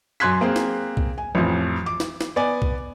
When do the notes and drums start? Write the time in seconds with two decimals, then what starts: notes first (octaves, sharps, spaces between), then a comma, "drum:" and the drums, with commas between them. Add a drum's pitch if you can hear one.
0.20 F#2 C6 F#6 G#6 B6
0.41 A#3 C4 G#4
0.56 drum: snare
0.97 drum: kick C2
1.18 G#5
1.35 A1 F2
1.86 D6
2.00 drum: snare
2.21 drum: snare
2.36 B3 D5 G#5
2.62 drum: kick C2